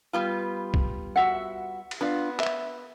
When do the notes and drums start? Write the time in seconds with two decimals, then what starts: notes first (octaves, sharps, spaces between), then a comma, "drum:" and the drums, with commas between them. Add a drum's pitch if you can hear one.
0.13 G3 B3 F4
0.74 drum: kick
1.16 F#4 E5 F#5
1.91 drum: cymbal
2.01 B3 D4 F4 F5
2.40 E5, drum: clap